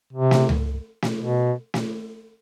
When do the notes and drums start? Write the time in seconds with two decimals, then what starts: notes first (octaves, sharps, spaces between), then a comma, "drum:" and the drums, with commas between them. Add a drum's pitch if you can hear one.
0.13 C3
0.31 drum: snare
0.49 drum: tom C#2
1.02 drum: snare
1.20 B2
1.74 drum: snare